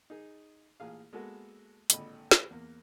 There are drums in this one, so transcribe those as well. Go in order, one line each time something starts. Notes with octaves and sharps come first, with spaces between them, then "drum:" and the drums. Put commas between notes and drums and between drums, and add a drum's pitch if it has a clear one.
D#4 G#4
A1 A#2 G#4 F5
G#3 A#3 B3 F#4 A4
G#1 A#2 D3 D#5 B5, drum: hi-hat
drum: snare
E2 A#3